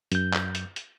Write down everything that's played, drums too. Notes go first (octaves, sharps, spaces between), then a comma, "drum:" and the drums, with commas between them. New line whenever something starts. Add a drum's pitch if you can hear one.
F#2 G6, drum: hi-hat
drum: clap
drum: hi-hat
drum: hi-hat